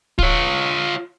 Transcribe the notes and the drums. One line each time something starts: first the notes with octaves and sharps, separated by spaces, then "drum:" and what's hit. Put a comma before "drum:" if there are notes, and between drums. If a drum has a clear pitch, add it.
F4 C#5, drum: kick